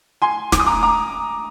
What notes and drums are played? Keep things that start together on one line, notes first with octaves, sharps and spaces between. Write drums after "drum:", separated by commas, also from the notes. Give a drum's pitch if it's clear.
G#5 C6
D6, drum: snare
D#6
A#5 D6
A#5 D6